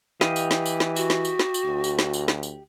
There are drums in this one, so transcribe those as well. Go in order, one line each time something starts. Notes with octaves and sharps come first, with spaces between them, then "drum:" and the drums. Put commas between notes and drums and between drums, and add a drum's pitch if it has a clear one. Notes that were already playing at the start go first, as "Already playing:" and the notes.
E3 G4 D#5 F5, drum: snare
drum: tambourine
drum: snare
drum: tambourine
drum: snare
F#4, drum: tambourine
drum: snare
drum: tambourine
drum: snare
drum: tambourine
D2
drum: tambourine
drum: snare
drum: tambourine
drum: snare
drum: tambourine